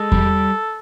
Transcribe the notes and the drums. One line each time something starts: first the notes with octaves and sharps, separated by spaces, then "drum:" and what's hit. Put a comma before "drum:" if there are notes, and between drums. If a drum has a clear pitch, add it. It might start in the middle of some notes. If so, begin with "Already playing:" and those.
Already playing: G#3 A4
G3, drum: kick E2